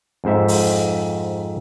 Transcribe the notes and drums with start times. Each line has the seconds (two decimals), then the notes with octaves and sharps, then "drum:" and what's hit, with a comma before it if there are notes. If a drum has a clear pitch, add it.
0.24 F2 G#2 C5 E5
0.48 drum: open hi-hat